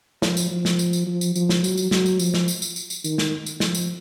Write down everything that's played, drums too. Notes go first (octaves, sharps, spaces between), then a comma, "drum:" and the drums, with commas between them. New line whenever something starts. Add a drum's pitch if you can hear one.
F3, drum: snare
drum: tambourine
F3
drum: snare
drum: tambourine
drum: tambourine
F3
drum: tambourine
F3, drum: tambourine
drum: snare
F#3, drum: tambourine
drum: tambourine
F#3, drum: snare
drum: tambourine
F3, drum: tambourine
drum: snare
drum: tambourine
drum: tambourine
drum: tambourine
drum: tambourine
D#3, drum: tambourine
drum: snare
drum: tambourine
F3, drum: snare
drum: tambourine